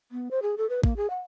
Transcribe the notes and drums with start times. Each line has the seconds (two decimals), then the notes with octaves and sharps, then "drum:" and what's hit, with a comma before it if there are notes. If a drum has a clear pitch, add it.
0.12 B3
0.31 C5
0.42 G#4
0.57 A4
0.69 B4
0.84 A#3, drum: kick
0.97 G#4
1.10 F#5